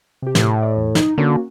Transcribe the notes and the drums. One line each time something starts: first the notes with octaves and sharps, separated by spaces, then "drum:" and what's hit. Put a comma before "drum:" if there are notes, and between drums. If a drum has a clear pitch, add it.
C3 G4
A2, drum: snare
D5
E2
D#4, drum: snare
D3 A#3 C#4 F#4